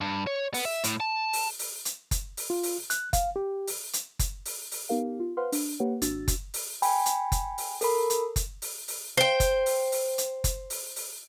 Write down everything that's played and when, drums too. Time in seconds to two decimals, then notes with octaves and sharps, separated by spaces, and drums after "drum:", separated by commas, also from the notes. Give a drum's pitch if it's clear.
0.01 G2
0.27 C#5
0.54 B3, drum: open hi-hat
0.65 E5
0.84 A2, drum: hi-hat
1.00 A5
1.33 drum: open hi-hat
1.59 drum: open hi-hat
1.85 drum: hi-hat
2.11 drum: kick F#1, hi-hat
2.37 drum: open hi-hat
2.50 F4
2.63 drum: open hi-hat
2.90 F#6, drum: hi-hat
3.13 F5, drum: kick F#1, hi-hat
3.36 G4
3.67 drum: open hi-hat
3.93 drum: hi-hat
4.19 drum: kick F#1, hi-hat
4.45 drum: open hi-hat
4.71 drum: open hi-hat
4.89 B3 D#4 G4 A#4 F5
5.20 F4
5.37 B4 C5 F5 F#5 C6 F6
5.52 D4, drum: open hi-hat
5.80 A#3 G4 B4 C#5 F#5
6.02 G#1 D4 F#4 E6 A6, drum: hi-hat
6.28 drum: kick F#1, hi-hat
6.54 drum: open hi-hat
6.82 G5 G#5 B5, drum: open hi-hat
7.06 drum: hi-hat
7.32 drum: kick F#1, hi-hat
7.58 drum: open hi-hat
7.81 A4 A#4 B5, drum: open hi-hat
8.10 drum: hi-hat
8.36 drum: kick F#1, hi-hat
8.62 drum: open hi-hat
8.88 drum: open hi-hat
9.17 C5 G5
9.40 drum: kick F#1, hi-hat
9.66 drum: open hi-hat
9.92 drum: open hi-hat
10.18 drum: hi-hat
10.44 drum: kick F#1, hi-hat
10.70 drum: open hi-hat
10.96 drum: open hi-hat